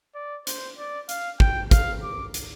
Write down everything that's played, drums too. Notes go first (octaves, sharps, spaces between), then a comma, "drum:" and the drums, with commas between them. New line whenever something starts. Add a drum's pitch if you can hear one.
D5
C5, drum: hi-hat
D5
F5, drum: hi-hat
G5, drum: kick
F5, drum: kick, hi-hat
D6
drum: hi-hat